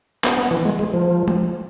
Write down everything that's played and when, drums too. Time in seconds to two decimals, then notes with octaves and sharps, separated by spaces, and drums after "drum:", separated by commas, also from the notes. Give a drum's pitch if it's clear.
0.24 B3, drum: clap
0.38 B3
0.51 E3
0.65 G#3
0.79 G#3
0.93 F3
1.28 drum: tom G#3